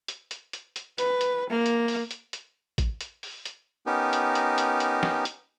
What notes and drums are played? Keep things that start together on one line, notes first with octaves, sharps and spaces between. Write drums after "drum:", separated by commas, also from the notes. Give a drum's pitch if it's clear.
drum: hi-hat
drum: hi-hat
drum: hi-hat
drum: hi-hat
B4, drum: hi-hat
drum: hi-hat
A#3
drum: hi-hat
drum: open hi-hat
drum: hi-hat
drum: hi-hat
drum: kick A1, hi-hat
drum: hi-hat
drum: open hi-hat
drum: hi-hat
B3 C#4 D#4 G4 A#4
drum: hi-hat
drum: hi-hat
drum: hi-hat
drum: hi-hat
drum: snare
drum: hi-hat